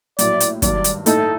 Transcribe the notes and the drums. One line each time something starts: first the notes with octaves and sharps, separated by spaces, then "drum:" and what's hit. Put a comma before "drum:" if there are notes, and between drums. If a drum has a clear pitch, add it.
A#1 A2 F#3 D5, drum: hi-hat
drum: hi-hat
G2 D#3 F#3 D5, drum: kick, hi-hat
drum: hi-hat
A2 A3 D#4 A4, drum: hi-hat